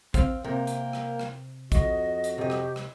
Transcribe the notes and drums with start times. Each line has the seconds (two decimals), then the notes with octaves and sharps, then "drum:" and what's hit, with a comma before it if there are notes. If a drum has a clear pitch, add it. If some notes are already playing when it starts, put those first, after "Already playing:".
0.14 C4 F5, drum: kick, hi-hat
0.44 C3 A#3 A#4 G5
0.67 drum: hi-hat
0.93 drum: rim click
1.19 drum: rim click
1.72 F2 F#4 D#5, drum: kick, hi-hat
2.24 drum: hi-hat
2.38 C3 G4 D#5
2.50 drum: rim click
2.76 drum: rim click